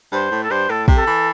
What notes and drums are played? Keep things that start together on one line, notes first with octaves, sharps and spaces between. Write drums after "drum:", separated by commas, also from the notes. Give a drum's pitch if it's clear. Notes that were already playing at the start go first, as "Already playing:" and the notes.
G2 C5
A2
A4
G2 C5
A2 A4
C3, drum: kick
A4
E3